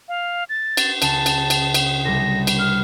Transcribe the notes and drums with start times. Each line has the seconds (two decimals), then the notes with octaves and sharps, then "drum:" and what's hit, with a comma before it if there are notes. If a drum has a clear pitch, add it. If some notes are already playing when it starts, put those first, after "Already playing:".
0.09 F5
0.49 A6
0.77 drum: cymbal
1.02 C#2 A5, drum: cymbal
1.26 drum: cymbal
1.50 drum: cymbal
1.74 drum: cymbal
2.05 C2 G3 A#6
2.47 drum: cymbal
2.59 F6